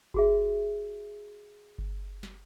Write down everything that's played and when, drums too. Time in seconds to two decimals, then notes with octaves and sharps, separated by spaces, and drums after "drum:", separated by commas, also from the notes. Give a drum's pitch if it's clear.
0.14 F#4 G#4 E5, drum: kick G1
1.78 drum: kick G1
2.23 drum: snare